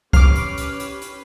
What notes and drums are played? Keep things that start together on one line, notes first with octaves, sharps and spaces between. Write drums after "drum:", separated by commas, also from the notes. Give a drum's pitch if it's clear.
C#4 G4 B4 C#6 D6 F6 C7, drum: kick, hi-hat
drum: hi-hat
drum: hi-hat
drum: hi-hat
drum: hi-hat